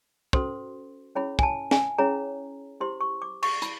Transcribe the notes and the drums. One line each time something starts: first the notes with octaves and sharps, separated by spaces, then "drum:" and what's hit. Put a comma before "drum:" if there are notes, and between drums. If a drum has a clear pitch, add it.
C#4 F#4 A4 C5 C6, drum: kick
C#4 E4 G#4 C#5 B5
G#5, drum: kick
A5
G#5, drum: snare
C#4 E4 G#4 C#5 A#5
E4 G4 C5 C6
C#6
D6
C#6, drum: cymbal
E4 B5, drum: hi-hat